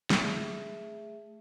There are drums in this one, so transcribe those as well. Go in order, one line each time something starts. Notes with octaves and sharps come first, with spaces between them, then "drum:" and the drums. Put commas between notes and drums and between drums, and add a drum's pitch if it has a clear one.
A3 G#4 E5, drum: snare